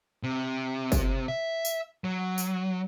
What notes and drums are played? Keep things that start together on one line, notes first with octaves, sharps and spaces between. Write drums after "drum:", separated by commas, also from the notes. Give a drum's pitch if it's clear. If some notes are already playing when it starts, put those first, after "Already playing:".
C3
drum: kick, tambourine
E5
drum: tambourine
F#3
drum: tambourine